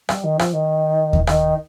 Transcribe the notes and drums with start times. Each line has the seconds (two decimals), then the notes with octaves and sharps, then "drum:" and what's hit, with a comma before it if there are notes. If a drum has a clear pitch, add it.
0.09 G3, drum: rim click
0.24 D#3
0.39 F3, drum: rim click
0.53 D#3
1.13 drum: kick D#2
1.27 D#3, drum: rim click